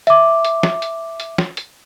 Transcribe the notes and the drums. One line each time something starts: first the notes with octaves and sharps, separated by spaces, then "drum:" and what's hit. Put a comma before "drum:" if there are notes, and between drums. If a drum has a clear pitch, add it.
E5 D6, drum: hi-hat
drum: hi-hat
drum: snare
drum: hi-hat
drum: hi-hat
drum: snare
drum: hi-hat